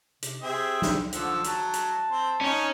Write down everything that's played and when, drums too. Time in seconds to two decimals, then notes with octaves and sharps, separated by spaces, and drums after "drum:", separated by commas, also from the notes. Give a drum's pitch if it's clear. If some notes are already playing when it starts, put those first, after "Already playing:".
0.22 C3, drum: hi-hat
0.42 C4 G4 G#4 E5 G5
0.82 drum: snare
1.12 D3 F3 C5 F#5 E6, drum: hi-hat
1.44 F#3 A5, drum: hi-hat
1.73 drum: hi-hat
2.10 C4 C5
2.41 C#4 D#4 C#5